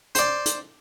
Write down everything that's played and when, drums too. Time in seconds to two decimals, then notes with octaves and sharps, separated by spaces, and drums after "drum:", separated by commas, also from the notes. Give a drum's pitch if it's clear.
0.15 C5 D5, drum: hi-hat
0.46 drum: hi-hat